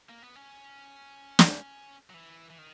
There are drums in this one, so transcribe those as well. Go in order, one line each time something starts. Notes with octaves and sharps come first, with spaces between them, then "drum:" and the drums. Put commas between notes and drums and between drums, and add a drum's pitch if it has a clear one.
A#3
B3
C#4
drum: snare
F#3
E3
E3
D#3